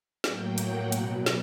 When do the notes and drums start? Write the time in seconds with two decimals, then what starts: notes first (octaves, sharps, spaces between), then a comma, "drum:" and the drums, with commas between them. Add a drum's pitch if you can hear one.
0.24 A2 F#3 A#3 G5, drum: snare
0.58 F#5, drum: hi-hat
0.92 B2 F#3 B3, drum: hi-hat
1.26 drum: snare